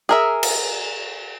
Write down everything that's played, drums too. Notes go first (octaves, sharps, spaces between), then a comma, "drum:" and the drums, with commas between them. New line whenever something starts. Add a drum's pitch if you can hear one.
G#4 A#4 E5
drum: cymbal